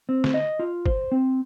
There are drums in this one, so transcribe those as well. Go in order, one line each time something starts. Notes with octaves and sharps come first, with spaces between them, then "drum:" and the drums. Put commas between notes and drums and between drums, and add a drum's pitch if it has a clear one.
C4
drum: snare
D#5
F4
C5, drum: kick
C4